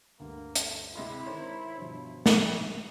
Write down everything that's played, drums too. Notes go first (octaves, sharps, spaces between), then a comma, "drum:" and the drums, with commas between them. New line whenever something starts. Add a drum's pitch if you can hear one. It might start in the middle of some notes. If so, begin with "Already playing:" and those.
D2 G2 A#3
A3, drum: hi-hat
C3 G#3 E4 B5
D#3 C5 C#5 A#5
G2 B2 F3
drum: snare
A3